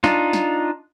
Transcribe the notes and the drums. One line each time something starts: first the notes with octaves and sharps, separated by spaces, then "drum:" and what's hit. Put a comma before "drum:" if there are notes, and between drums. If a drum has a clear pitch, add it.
D4 D#4 F4, drum: snare
drum: snare